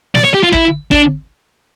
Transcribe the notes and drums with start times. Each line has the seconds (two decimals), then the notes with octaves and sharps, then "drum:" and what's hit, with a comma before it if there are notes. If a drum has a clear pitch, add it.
0.15 D5, drum: snare
0.24 C#5
0.34 G4
0.43 F4
0.52 E4, drum: kick
0.91 D4, drum: kick